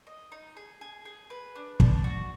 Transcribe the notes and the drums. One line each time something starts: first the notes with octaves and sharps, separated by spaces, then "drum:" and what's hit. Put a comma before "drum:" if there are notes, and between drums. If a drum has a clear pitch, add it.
D#5
D#4
G#4
G#4
G#4
B4
D4
D4, drum: kick
F#4